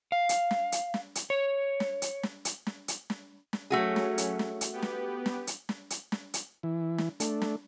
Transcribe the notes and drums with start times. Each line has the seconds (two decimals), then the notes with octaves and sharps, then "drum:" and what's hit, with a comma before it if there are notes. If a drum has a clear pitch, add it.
0.12 F5
0.29 drum: hi-hat
0.51 drum: snare
0.72 drum: hi-hat
0.94 drum: snare
1.15 drum: hi-hat
1.30 C#5
1.80 drum: snare
2.02 drum: hi-hat
2.23 drum: snare
2.45 drum: hi-hat
2.67 drum: snare
2.88 drum: hi-hat
3.10 drum: snare
3.53 drum: snare
3.70 F#3 A3 C#4 F#4 G#4
3.96 drum: snare
4.18 drum: hi-hat
4.39 drum: snare
4.61 drum: hi-hat
4.72 B3 G4 B4
4.82 drum: snare
5.26 drum: snare
5.47 drum: hi-hat
5.69 drum: snare
5.90 drum: hi-hat
6.12 drum: snare
6.34 drum: hi-hat
6.63 E3
6.98 drum: snare
7.20 A3 D4, drum: hi-hat
7.42 drum: snare